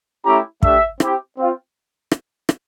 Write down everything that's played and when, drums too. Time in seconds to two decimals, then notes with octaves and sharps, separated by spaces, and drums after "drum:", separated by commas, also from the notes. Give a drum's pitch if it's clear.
0.25 A3 C#4 E4 G4 A#5
0.63 A3 D4 G4 E5, drum: kick
1.00 C4 E4 G4, drum: rim click
1.37 C4 F4
2.12 drum: rim click
2.49 drum: rim click